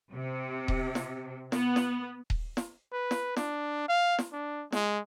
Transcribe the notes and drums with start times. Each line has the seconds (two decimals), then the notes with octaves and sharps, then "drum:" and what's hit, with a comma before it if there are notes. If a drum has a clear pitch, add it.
0.12 C3
0.68 drum: kick D#1
0.95 drum: snare
1.52 B3, drum: snare
1.76 drum: snare
2.30 drum: kick D#1
2.57 drum: snare
2.93 B4
3.11 drum: snare
3.36 D4, drum: snare
3.88 F5
4.19 drum: snare
4.33 D4
4.72 G#3, drum: snare